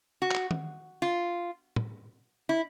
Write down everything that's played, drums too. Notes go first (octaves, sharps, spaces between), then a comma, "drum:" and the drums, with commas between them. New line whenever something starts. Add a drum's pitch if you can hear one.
F#4
drum: clap
drum: tom D#3
F4
drum: tom
E4